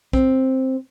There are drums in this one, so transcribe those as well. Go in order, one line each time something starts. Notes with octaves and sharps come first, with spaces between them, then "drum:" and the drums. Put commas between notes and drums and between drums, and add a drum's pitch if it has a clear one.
C4, drum: kick